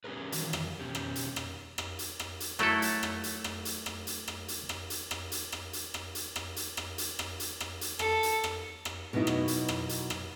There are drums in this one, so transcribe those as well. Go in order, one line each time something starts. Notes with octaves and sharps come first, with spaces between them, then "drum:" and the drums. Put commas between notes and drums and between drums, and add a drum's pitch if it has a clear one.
C#4 G4 G#4 A#4 B4
D#3 E3 F#3, drum: hi-hat
drum: rim click
B2 C#4 G4
drum: rim click
drum: hi-hat
drum: rim click
drum: rim click
drum: hi-hat
drum: rim click
drum: hi-hat
F#3 A3 E4 A4, drum: rim click
drum: hi-hat
drum: rim click
drum: hi-hat
drum: rim click
drum: hi-hat
drum: rim click
drum: hi-hat
drum: rim click
drum: hi-hat
drum: rim click
drum: hi-hat
drum: rim click
drum: hi-hat
drum: rim click
drum: hi-hat
drum: rim click
drum: hi-hat
drum: rim click
drum: hi-hat
drum: rim click
drum: hi-hat
drum: rim click
drum: hi-hat
drum: rim click
drum: hi-hat
A4, drum: rim click
drum: hi-hat
drum: rim click
drum: rim click
B2 F#3 B3 D#4 E4
drum: rim click
drum: hi-hat
drum: rim click
drum: hi-hat
drum: rim click